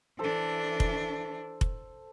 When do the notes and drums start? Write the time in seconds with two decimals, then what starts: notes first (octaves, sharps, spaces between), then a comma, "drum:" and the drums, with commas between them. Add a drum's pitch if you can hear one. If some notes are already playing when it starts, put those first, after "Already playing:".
0.19 E3 D4 A4 C5
0.80 drum: kick F1
1.61 drum: kick F1